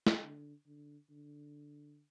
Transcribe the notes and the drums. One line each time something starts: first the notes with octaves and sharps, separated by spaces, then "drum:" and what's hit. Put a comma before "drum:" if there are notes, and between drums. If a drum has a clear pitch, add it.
drum: snare
D3
D3
D3